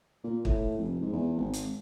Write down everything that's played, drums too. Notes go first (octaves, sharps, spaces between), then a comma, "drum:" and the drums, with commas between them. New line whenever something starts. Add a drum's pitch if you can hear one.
A#2
A2, drum: kick
F1
G#2
E2
G#1
drum: hi-hat